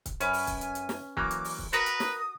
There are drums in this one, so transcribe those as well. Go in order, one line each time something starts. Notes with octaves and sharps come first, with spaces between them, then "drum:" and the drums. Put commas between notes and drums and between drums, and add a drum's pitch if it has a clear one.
drum: kick C#1, hi-hat
F#2 C#4 B4 G#5, drum: hi-hat
drum: open hi-hat
drum: kick C#1, hi-hat
drum: hi-hat
drum: hi-hat
drum: snare
E3 F#3 A#3 D6, drum: kick C#1
drum: hi-hat
drum: open hi-hat
drum: kick C#1
F#4 A#4 B4 A#5 D#6, drum: hi-hat
drum: hi-hat
drum: snare